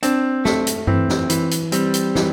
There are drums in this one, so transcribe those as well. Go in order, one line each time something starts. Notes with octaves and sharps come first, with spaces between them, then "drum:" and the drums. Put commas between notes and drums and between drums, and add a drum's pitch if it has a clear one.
C4 D4, drum: hi-hat
A3, drum: snare
drum: hi-hat
E3 C4, drum: tom G2
drum: snare
E3, drum: hi-hat
drum: hi-hat
G3 C4, drum: hi-hat
drum: hi-hat
E3, drum: snare